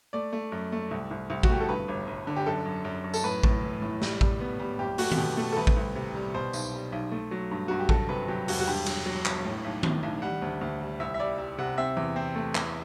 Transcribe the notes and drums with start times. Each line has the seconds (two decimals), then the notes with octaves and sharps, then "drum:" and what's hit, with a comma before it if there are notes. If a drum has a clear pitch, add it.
0.13 A3 D5
0.33 A3
0.52 F#2
0.72 A3
0.91 C2
1.11 C2
1.30 C2
1.43 F#4, drum: kick A1
1.49 A3 G4
1.61 A4
1.69 G2 B4
1.88 G1
2.07 G1
2.27 D3
2.36 G4
2.46 F#2 A4
2.65 F#2
2.85 F#2
3.04 F#2
3.14 A4, drum: tambourine
3.24 A2 B4
3.43 A2, drum: kick A1
3.63 E3
3.82 A2
4.02 G3, drum: snare
4.21 G3, drum: kick A1
4.40 B3
4.59 G3
4.79 F#1 G4
4.98 A3 F#4, drum: open hi-hat
5.12 F#4, drum: tom D#3
5.17 B2 G4
5.37 A3 A4
5.52 A4
5.56 C2 B4
5.67 drum: kick A1
5.76 C2
5.95 C3
6.15 G3
6.34 B2 C5
6.53 B1, drum: tambourine
6.73 G3
6.92 B1
7.11 A3
7.31 F#3
7.51 G2
7.68 G2 F#4
7.79 G4
7.89 F#3 A4, drum: kick A1
8.09 C3 B4
8.28 F#3 G4
8.48 E1 F#4, drum: open hi-hat
8.60 F#4
8.67 G2 G4
8.86 F#3, drum: cymbal
9.06 F#3
9.25 G1, drum: clap
9.45 A2
9.64 B1
9.83 A2, drum: tom D#3
10.03 B1
10.22 G3 F#5
10.42 D2
10.61 D2
10.81 G3
11.00 C2 E5
11.14 E5
11.20 G3 D5
11.38 G3 E5
11.58 C3 F#5
11.78 C4 E5
11.97 E2
12.16 C4
12.35 A3
12.55 E2, drum: clap